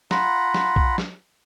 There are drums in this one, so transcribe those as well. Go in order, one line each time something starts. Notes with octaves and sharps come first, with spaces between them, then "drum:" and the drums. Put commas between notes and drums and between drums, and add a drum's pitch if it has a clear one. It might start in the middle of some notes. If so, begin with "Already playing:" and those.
F4 F#5 A#5 B5, drum: snare
drum: snare
drum: kick
drum: snare